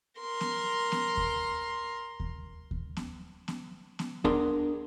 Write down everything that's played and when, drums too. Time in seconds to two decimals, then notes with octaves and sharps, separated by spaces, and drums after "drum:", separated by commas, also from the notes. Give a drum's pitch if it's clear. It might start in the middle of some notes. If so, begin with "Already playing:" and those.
0.21 A#4 C6
0.41 drum: snare B3
0.92 drum: snare B3
1.17 drum: kick D#2
2.20 drum: kick D#2
2.71 drum: kick D#2
2.97 drum: snare B3
3.48 drum: snare B3
3.99 drum: snare B3
4.25 B3 D4 G#4 A#4 C6, drum: kick D#2